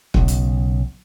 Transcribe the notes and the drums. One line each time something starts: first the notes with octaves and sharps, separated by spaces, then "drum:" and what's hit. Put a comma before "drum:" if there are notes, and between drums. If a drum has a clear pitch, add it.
B1 C#3, drum: kick
drum: hi-hat